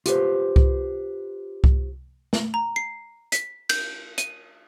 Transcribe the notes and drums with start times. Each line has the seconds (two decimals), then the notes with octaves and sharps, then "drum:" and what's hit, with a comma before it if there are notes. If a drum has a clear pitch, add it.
0.06 F4 G4 B4 C5, drum: hi-hat
0.56 drum: kick C2
1.64 drum: kick C2
2.33 drum: snare
2.54 A#5
2.76 C7
3.32 B6, drum: hi-hat
3.69 G6, drum: cymbal
4.18 D#7, drum: hi-hat